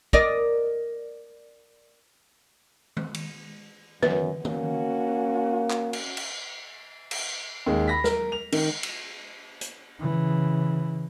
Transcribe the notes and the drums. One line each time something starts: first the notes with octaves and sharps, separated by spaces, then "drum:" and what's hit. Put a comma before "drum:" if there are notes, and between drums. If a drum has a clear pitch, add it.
A#4 D5 D#5, drum: kick
drum: tom D#3
drum: cymbal
F#2 B4, drum: tom D3
A#3 C#4 F#4, drum: tom D3
drum: clap
drum: cymbal
drum: cymbal
drum: cymbal
D#2 G#3
B5 A#6 B6
A#4, drum: snare
F7
D#3, drum: cymbal
drum: cymbal
drum: hi-hat
C#3 E3